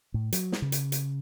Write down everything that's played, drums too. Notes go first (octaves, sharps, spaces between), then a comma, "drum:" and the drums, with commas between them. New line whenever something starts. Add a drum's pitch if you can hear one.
A2
F#3, drum: hi-hat
drum: snare
C#3
drum: hi-hat
drum: hi-hat